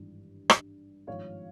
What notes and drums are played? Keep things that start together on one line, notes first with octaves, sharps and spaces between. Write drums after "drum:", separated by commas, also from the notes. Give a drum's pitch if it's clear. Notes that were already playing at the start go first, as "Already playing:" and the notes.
Already playing: G#1 G2 E3
drum: rim click
G#1 G2 F3 C#5 F5